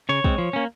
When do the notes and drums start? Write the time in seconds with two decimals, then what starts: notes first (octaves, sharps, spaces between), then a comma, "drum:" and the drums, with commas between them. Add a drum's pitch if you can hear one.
0.09 C#3 C#5
0.24 G#3 C4, drum: kick
0.38 F3
0.53 A#3 C#4